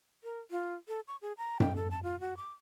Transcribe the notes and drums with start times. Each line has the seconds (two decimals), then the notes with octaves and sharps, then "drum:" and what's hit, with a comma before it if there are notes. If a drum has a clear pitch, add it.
0.24 A#4
0.51 F4
0.88 A4
1.08 C#6
1.22 G#4
1.38 A#5
1.60 G5, drum: tom F#2
1.76 A4
1.91 A5
2.03 F4
2.20 F#4
2.37 D6